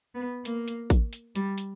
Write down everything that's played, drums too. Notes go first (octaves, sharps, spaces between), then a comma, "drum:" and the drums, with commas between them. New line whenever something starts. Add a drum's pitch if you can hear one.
B3
A#3, drum: hi-hat
drum: hi-hat
drum: kick A1, hi-hat
drum: hi-hat
G3, drum: hi-hat
drum: hi-hat